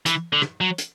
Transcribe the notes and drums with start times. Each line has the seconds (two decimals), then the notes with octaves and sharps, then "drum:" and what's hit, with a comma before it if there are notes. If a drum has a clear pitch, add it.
0.06 E3, drum: hi-hat
0.33 D3
0.42 drum: rim click
0.61 F#3
0.78 drum: hi-hat